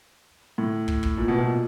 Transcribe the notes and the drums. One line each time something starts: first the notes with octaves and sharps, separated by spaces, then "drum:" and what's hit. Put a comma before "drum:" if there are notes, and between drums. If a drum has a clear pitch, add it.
A2
drum: kick
drum: kick
A#2
B2
A#2